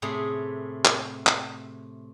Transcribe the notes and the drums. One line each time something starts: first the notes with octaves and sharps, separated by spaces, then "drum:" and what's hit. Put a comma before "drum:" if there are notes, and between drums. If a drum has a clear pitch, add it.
A2 C3 A3 G#4
drum: clap
drum: clap